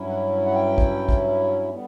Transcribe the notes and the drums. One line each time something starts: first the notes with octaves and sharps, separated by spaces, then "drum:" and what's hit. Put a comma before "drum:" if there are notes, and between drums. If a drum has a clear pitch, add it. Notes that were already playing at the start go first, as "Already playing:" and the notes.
Already playing: G2 F#3 C#4 E4
F#5
F#5
G5
drum: kick
drum: kick
D3 G3 B3